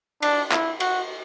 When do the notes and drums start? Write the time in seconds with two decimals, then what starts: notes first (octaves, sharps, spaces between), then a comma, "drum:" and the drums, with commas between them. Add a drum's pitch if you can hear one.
0.22 D4, drum: cymbal
0.52 E4, drum: clap
0.80 F#4, drum: cymbal